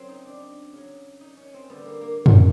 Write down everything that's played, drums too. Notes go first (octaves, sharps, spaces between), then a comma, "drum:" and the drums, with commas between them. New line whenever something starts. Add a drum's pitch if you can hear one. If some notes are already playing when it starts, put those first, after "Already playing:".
Already playing: C#3 F#3 C4
D#4
D4
C#3
F#3
D#4
C#4
C4
D3 G3 B3
A#3
A#3
drum: tom